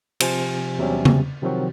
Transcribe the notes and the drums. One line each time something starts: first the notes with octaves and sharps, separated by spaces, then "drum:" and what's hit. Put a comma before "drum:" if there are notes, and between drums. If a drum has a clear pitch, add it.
C3 F3 C5 G#5, drum: cymbal
E2 C3 F#3 G3 C4 C#4
drum: tom C#3
C3 D#3 F3 F#3 C4 F#4